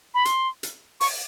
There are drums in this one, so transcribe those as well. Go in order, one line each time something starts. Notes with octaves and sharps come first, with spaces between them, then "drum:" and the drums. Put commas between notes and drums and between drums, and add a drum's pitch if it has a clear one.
B5
C6, drum: hi-hat
drum: hi-hat
C#6, drum: open hi-hat